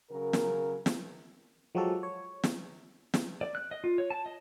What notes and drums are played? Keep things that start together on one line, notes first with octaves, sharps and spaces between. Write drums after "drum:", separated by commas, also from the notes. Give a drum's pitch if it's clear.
C#3 F#3 A#4
drum: snare
drum: snare
F3 F#3 G#3 F#4 G4 A4
C#5
drum: snare
drum: snare
D5
F#6
D#5
F4
C#5
A5
D#5